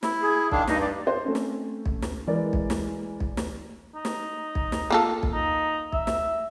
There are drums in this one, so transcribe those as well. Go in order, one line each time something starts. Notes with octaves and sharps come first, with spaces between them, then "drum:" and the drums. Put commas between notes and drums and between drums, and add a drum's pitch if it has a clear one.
E4, drum: snare
G#4
D#3 D4 F5, drum: kick B1
G2 D#4, drum: snare
D5
C5
A3 C4 C#4
drum: snare
drum: kick B1
drum: snare
E3 G#3 A#4 D5
drum: kick B1
drum: snare
drum: kick B1
drum: snare
D#4
drum: snare
drum: kick B1
drum: snare
A#3 F4 A4
drum: kick B1
D#4
E5, drum: kick B1
drum: snare